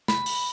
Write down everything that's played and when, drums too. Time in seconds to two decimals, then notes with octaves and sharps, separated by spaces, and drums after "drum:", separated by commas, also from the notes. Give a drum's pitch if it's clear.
0.08 B5, drum: snare
0.26 drum: open hi-hat